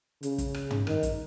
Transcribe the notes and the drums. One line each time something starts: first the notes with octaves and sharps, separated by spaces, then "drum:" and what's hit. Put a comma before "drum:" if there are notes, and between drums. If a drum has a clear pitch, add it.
C#3, drum: hi-hat
drum: kick, hi-hat
drum: rim click
drum: tom
D#3, drum: rim click
drum: kick, hi-hat